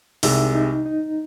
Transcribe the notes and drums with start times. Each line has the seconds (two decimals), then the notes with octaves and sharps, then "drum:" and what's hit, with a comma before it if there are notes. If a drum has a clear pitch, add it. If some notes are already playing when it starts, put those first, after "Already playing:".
0.23 C2 C3 G#3 D#4, drum: open hi-hat
0.55 D#4
0.86 D#4